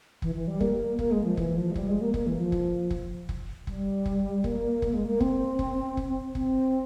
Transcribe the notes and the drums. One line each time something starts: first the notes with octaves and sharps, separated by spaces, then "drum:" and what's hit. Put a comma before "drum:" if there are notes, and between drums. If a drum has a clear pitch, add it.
E3, drum: kick F1
E3
G3
A#3, drum: kick F1
A#3, drum: kick F1
G#3
F3
E3, drum: kick F1
F3
G#3
G3, drum: kick F1
G#3
A#3
A#3, drum: kick F1
E3
F3
drum: kick F1
drum: kick F1
drum: kick F1
G3, drum: kick F1
drum: kick F1
A#3, drum: kick F1
drum: kick F1
G#3
A#3
C4, drum: kick F1
drum: kick F1
drum: kick F1
C4, drum: kick F1